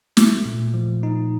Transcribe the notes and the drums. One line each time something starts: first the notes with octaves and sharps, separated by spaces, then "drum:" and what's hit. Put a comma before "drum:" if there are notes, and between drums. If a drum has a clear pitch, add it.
A3, drum: snare
A#2
F3
D#4